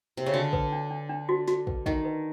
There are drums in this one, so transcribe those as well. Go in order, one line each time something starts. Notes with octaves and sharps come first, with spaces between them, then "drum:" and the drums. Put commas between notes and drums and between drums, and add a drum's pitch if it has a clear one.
C3
C#3
D3 F#4
B4, drum: kick
D4
D4
D4
F#4
F#4, drum: snare
B4, drum: kick
D#3 D#5, drum: kick
B4